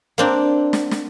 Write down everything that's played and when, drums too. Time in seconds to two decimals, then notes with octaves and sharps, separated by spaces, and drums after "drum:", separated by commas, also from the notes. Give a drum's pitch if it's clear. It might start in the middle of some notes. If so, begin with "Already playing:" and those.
0.18 A#3 C4 D4
0.73 drum: snare
0.91 drum: snare